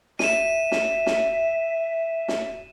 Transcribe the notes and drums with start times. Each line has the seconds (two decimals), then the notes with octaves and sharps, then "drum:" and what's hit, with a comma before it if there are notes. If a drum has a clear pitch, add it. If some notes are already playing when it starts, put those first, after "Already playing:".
0.19 E5 D#7 E7, drum: snare
0.72 drum: snare
1.06 drum: snare
2.28 drum: snare